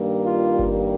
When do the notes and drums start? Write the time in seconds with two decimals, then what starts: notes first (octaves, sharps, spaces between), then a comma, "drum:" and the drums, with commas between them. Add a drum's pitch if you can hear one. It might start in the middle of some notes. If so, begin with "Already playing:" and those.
Already playing: G2 D#3 G3 A#3
0.25 F4
0.59 drum: kick G1